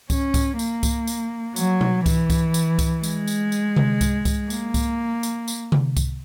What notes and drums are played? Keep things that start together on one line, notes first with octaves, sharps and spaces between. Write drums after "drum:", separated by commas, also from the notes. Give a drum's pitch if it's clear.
C#4, drum: kick C2, tambourine
drum: kick C2, tambourine
A#3, drum: tambourine
drum: kick C2, tambourine
drum: tambourine
F#3, drum: tambourine
drum: tom B2
E3, drum: kick C2, tambourine
drum: kick C2, tambourine
drum: tambourine
drum: kick C2, tambourine
G#3, drum: tambourine
drum: tambourine
drum: tambourine
drum: tom C3
drum: kick C2, tambourine
drum: kick C2, tambourine
A#3, drum: tambourine
drum: kick C2, tambourine
drum: tambourine
drum: tambourine
drum: tom C3
drum: kick C2, tambourine